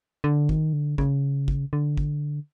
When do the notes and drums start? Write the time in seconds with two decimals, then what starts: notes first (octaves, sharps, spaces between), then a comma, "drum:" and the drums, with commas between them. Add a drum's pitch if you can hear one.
0.24 D3
0.49 D#3, drum: kick
0.73 D3
0.98 C#3, drum: kick
1.48 drum: kick
1.73 D3
1.97 drum: kick